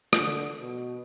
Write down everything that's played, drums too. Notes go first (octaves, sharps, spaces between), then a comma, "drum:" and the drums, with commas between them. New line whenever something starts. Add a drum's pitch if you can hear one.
D3, drum: rim click
B2